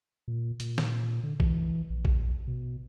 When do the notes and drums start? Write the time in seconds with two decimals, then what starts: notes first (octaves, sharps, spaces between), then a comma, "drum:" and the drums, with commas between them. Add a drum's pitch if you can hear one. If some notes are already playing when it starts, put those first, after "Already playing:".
0.28 A#2
0.60 A#2, drum: hi-hat
0.78 drum: snare
1.23 D3
1.40 E3, drum: kick
1.90 A#1
2.05 drum: kick
2.47 B2